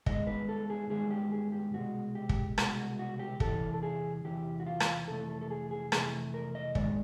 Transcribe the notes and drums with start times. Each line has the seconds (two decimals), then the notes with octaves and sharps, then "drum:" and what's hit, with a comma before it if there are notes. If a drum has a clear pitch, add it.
0.06 G2 D#3 G#3 B3 D#5, drum: kick
0.27 B4
0.49 A4
0.70 G#4
0.90 G2 D#3 G#3 B3 G#4
1.11 G4
1.32 G#4
1.52 G4
1.73 C2 B2 G#3 F#4
2.15 G4
2.29 drum: kick
2.58 C2 B2 G#3 F#4, drum: rim click
2.79 F#4
2.99 F#4
3.19 G4
3.40 E2 C3 E3 A4, drum: kick
3.74 A4
3.83 G#4
4.25 E2 C3 E3 G4
4.60 F#4
4.66 F4
4.80 drum: rim click
5.08 F2 C3 E3 A3 A4
5.29 A4
5.41 A4
5.51 G#4
5.71 G#4
5.92 F2 C3 E3 A3 G#4, drum: rim click
6.34 A#4
6.55 D#5
6.75 G#2 D#3 G#3 B3 D5, drum: kick